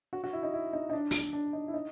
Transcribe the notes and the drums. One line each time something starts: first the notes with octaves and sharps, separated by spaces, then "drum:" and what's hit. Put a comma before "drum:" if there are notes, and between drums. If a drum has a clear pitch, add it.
F#4
F#4
E4
D#4
E4
D#4
D#4
D4
drum: open hi-hat
D4
D#4
E4
D#4